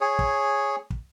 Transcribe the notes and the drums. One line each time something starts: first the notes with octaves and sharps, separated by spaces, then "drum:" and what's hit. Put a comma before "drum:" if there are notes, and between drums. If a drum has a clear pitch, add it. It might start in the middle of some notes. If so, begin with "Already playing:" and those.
G#4 C#5
drum: kick
drum: kick